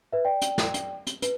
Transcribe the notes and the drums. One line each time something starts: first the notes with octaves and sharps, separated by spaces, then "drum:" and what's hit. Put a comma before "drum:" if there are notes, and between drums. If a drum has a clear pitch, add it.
B4 E5
D5 G5
drum: hi-hat
drum: snare
drum: hi-hat
drum: hi-hat
B4, drum: hi-hat